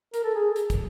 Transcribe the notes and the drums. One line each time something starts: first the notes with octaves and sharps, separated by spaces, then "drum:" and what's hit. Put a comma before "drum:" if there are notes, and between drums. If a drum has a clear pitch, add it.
A#4, drum: hi-hat
A4
G#4
drum: hi-hat
drum: kick, hi-hat